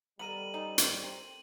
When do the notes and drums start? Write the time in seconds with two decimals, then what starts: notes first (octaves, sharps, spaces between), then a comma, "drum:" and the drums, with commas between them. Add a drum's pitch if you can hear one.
0.19 D#3 G3 B3 A4 A#4 D#5 D#7 F#7
0.54 C4 C#4 D#4 A4
0.78 drum: hi-hat
1.04 C4 A#4